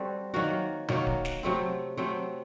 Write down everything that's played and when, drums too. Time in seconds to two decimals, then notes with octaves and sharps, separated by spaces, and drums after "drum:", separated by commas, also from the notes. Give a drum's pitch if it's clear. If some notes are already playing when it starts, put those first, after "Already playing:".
Already playing: G3 C4 F#4 A4
0.34 D#3 F#3 A#3 F#4
0.88 D#3 F#3 A#3 F#4, drum: tom B2
1.07 drum: kick D1
1.25 drum: snare
1.43 C3 F#3 A3 C4
1.97 C3 F#3 A3 C4